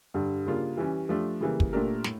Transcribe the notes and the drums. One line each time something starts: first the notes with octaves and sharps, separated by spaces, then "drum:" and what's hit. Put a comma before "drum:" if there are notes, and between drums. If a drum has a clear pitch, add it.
G2 D3 G3
C#3 G3 A#3 D4 F4
E3 G3 C#4 G4
F3 A3 D4 G4
C#3 E3 G3 A#3
drum: kick
A#2 A3 D4 G4 A#4
A2, drum: snare